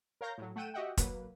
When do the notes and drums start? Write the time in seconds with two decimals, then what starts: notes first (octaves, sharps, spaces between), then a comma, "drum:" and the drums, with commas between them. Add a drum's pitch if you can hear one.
0.21 A#4 C#5 F5 A#5 G6 A#6
0.38 A2 F#3
0.56 A3 F#5 G5 D#7 E7
0.74 F#4 G4 D#5 E5 F#5 G5
0.97 F#3 A#3 B4, drum: kick, hi-hat